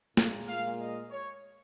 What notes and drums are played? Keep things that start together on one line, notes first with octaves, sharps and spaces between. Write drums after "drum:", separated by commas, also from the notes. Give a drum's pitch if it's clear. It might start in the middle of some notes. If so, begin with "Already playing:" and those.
A#2 G#3, drum: snare
F5
D#5
C#5